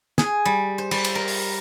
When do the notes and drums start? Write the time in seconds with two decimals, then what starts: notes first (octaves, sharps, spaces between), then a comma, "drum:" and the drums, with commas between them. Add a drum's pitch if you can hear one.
0.18 G#4, drum: snare
0.45 G3
0.78 C5
0.91 G3, drum: cymbal
1.05 drum: cymbal
1.15 A#4
1.28 drum: open hi-hat